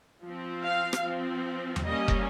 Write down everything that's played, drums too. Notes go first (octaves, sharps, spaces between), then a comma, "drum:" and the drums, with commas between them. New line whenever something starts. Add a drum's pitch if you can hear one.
F3
C4
F5
drum: rim click
F3 C4
drum: tom E2
G3 A#3 C#4 D#5
drum: kick